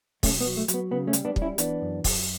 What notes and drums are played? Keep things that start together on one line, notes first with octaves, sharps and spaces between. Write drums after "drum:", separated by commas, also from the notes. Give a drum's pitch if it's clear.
B1 A3 C#4, drum: kick, open hi-hat
B3
F#3
A3
F#3, drum: hi-hat
B3
C#3 B3
A3 C#4
G3, drum: hi-hat
B3 D4
G3, drum: kick
C#4 E4
E3 B3 D4, drum: hi-hat
F#2
F#2, drum: kick, open hi-hat